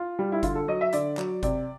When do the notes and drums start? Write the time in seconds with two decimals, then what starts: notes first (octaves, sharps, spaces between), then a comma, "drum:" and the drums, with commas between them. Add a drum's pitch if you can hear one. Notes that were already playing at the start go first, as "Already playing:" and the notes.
Already playing: F4
0.19 G3
0.32 E4
0.43 D3 F4, drum: kick G1, hi-hat
0.55 A4
0.68 F#3 D#5
0.81 E5
0.93 D3 D5, drum: hi-hat
1.17 F#3, drum: clap
1.43 C3 D5, drum: kick G1, hi-hat